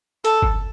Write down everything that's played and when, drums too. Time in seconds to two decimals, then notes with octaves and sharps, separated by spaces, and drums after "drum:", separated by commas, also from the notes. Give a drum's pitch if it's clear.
0.25 A4, drum: hi-hat
0.42 drum: kick G1